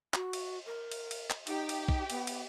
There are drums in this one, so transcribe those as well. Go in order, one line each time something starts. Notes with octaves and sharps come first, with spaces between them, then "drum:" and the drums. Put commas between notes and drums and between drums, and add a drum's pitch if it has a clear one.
F#4, drum: clap
drum: cymbal
A#4
drum: cymbal
drum: cymbal
drum: clap
D#4 G4, drum: cymbal
drum: cymbal
drum: kick
B3, drum: cymbal
drum: cymbal